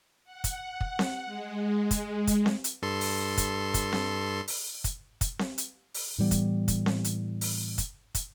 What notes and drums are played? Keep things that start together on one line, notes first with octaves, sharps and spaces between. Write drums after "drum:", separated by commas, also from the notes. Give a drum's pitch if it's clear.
F#5
drum: kick, hi-hat
drum: kick
drum: snare C4
G#3
drum: kick, hi-hat
drum: kick, hi-hat
drum: snare C4
drum: hi-hat
G2 A4 C6
drum: open hi-hat
drum: kick, hi-hat
drum: kick, hi-hat
drum: snare C4
drum: open hi-hat
drum: kick, hi-hat
drum: kick, hi-hat
drum: snare C4
drum: hi-hat
drum: open hi-hat
A2 E3 G3 B3
drum: kick, hi-hat
drum: kick, hi-hat
drum: snare C4
drum: hi-hat
drum: open hi-hat
drum: kick, hi-hat
drum: kick, hi-hat